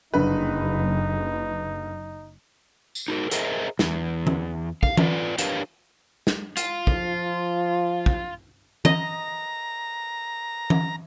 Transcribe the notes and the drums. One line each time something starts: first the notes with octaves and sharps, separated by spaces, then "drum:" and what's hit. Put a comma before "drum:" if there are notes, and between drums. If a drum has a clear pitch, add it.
F#1 G2 D3 D#4 B4
drum: tambourine
D#4 F#4 A#4
G#4 A#4 C5 D#5 E5 A#5, drum: hi-hat
E2, drum: snare
drum: tom E3
F5, drum: kick
F4 B4 D5, drum: tom E3
D4 G4 A#4 B4 C#5 F5, drum: hi-hat
drum: snare
F4, drum: hi-hat
F3, drum: kick
drum: kick
D#5 A#5, drum: tom E3
drum: tom E3